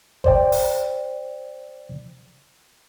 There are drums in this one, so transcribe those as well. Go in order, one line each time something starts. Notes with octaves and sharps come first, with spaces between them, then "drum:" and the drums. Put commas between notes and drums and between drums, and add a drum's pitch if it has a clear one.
C5 D5 G5, drum: kick G1
drum: open hi-hat